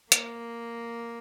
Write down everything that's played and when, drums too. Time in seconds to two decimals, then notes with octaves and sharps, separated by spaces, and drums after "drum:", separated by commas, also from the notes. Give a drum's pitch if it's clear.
0.12 A#3, drum: hi-hat